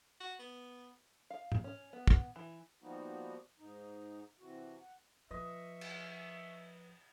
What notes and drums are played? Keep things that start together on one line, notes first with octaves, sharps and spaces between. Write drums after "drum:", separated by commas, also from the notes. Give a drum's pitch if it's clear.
F#4
B3
F5
drum: tom G#2
C#4
B3
drum: kick
E3
F3 G3 A#3 B3 D#4 F#4
G#2 D#4
C3 E3 F#4
F#5
F3 B4 D#5 E5 C#6
drum: cymbal